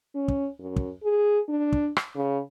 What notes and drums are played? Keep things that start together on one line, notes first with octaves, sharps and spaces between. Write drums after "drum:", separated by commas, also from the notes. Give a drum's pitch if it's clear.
C#4
drum: kick
F#2
drum: kick
G#4
D4
drum: kick
drum: rim click
C#3